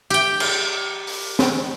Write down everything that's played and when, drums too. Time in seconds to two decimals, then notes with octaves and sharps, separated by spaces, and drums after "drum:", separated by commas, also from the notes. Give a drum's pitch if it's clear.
0.10 G4 G5
0.40 drum: cymbal
1.07 drum: open hi-hat
1.39 drum: snare